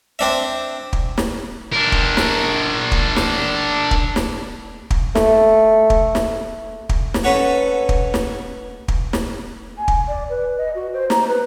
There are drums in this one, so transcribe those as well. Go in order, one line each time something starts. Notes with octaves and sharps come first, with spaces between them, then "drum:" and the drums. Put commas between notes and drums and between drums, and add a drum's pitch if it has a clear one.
C4 D4 E5
drum: kick
drum: snare
D4 A#4
drum: kick
drum: snare
drum: kick
drum: snare
drum: kick
drum: snare
drum: kick
A3, drum: snare
drum: kick
drum: snare
drum: kick
drum: snare
C#4 A4 B4 C#5 F#5 A#5
drum: kick
drum: snare
drum: kick
drum: snare
G#5
drum: kick
D5
B4
D#5
F#4
C5
A#5, drum: snare
B4